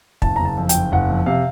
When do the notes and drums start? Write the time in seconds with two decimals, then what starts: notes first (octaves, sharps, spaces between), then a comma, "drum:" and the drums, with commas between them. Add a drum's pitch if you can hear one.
0.22 F#1 A5, drum: kick
0.36 F#1 A#5
0.45 A5
0.57 F2
0.69 G5, drum: hi-hat
0.74 F#1
0.92 F#1 F#5
1.09 F2
1.26 C3 F5